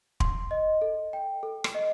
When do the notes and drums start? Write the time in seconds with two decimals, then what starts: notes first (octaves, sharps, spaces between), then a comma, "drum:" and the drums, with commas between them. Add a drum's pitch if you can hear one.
0.20 C6, drum: kick
0.51 D#5
0.82 A4
1.13 G5
1.43 A4
1.64 drum: rim click
1.75 D#5